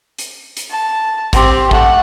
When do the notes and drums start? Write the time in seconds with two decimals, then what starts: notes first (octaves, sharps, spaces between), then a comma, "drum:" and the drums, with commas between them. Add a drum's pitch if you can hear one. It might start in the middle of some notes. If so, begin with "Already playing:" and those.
0.18 drum: hi-hat
0.57 drum: hi-hat
0.71 A5
1.33 C4 G4, drum: kick, hi-hat
1.71 A3 F#5, drum: kick